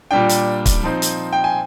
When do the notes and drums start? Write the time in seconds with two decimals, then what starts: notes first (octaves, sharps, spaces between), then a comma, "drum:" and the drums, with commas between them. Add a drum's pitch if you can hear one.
0.11 A#2 G3 D4 G5
0.29 drum: hi-hat
0.66 drum: kick, hi-hat
0.83 F3 C4 D#4
1.02 drum: hi-hat
1.33 G5
1.44 G#5